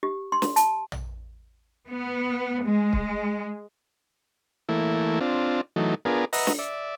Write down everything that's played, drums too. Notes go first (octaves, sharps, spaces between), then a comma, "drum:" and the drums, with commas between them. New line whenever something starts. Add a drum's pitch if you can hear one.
G4
C6
drum: snare
A5, drum: hi-hat
drum: tom A#1
B3
G#3
drum: kick C#1
E3 A3 A#3 E4
C4 D4 F4
E3 F#3 A3 D#4
B3 D4 F4 G#4 A#4
B4 D#5 E5 F#5 A#5, drum: open hi-hat
drum: snare
D5 E5